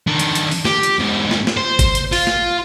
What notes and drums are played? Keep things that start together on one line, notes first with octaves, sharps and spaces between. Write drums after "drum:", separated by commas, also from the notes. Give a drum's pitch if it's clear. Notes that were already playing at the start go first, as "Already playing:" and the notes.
D#3 D4
drum: hi-hat
drum: hi-hat
drum: open hi-hat
G4, drum: snare
drum: hi-hat
G#2 B2
drum: snare
drum: snare
C5
drum: kick G#1, hi-hat
drum: hi-hat
F4, drum: open hi-hat
drum: snare